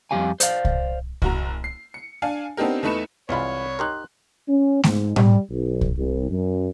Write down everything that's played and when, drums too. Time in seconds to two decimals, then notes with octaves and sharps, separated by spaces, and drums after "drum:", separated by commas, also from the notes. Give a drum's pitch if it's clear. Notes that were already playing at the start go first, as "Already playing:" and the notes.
0.11 F2 G3 G4 F5 G#5
0.40 C5 D5 F5, drum: hi-hat
0.65 drum: kick C2
1.22 F#1 F#4 A#5, drum: kick C2
1.64 C7
1.94 C#7
2.22 D4 F5 G#5
2.57 B3 C4 D4 D#4 G4 A#4
2.83 E2 A3 D#4 B4 C#7 E7
3.29 C2 E3 G#3 F4 C#5 B5
3.79 D#4 G4 A#4 C6 F#6
4.48 C#4
4.84 G#2, drum: snare A3
5.16 G3, drum: tom A2
5.50 B1
5.81 drum: kick C2
5.97 C2
6.30 F#2